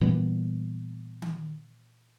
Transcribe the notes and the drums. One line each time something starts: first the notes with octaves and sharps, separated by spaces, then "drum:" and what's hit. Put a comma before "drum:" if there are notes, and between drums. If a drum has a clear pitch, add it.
A#2 E3 G3 B3
drum: tom D#3